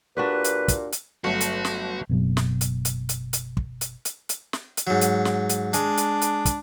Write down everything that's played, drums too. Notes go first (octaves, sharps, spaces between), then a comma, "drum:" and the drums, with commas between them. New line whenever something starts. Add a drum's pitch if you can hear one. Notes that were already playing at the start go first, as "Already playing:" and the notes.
A#2 D4 F#4 G4 B4
drum: hi-hat
drum: kick, hi-hat
drum: hi-hat
G1 F#3 A3 F#4
drum: hi-hat
drum: snare
F#1 B2 F#3
drum: snare
drum: hi-hat
drum: hi-hat
drum: hi-hat
drum: hi-hat
drum: kick
drum: hi-hat
drum: hi-hat
drum: hi-hat
drum: snare
drum: hi-hat
G#2 F#3
drum: hi-hat
drum: snare
drum: hi-hat
G#3 D4, drum: hi-hat
drum: hi-hat
drum: hi-hat
drum: kick, hi-hat